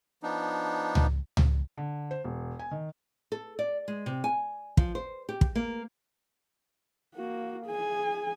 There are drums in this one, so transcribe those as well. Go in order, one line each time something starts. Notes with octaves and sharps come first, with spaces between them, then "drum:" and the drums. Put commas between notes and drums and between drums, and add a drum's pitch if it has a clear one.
F3 B3 D4 D#4
drum: tom C#2
drum: tom C#2
D3
C5
E1
G#5
D#3
A4
D5
G#3
C3
G#5
F3, drum: kick
C5
G4
drum: kick
A#3
A#3 F#4
G#4 G#5